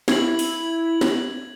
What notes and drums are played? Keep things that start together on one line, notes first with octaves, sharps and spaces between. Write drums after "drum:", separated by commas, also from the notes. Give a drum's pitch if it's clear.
E4 G#6 F#7, drum: snare
drum: open hi-hat
drum: snare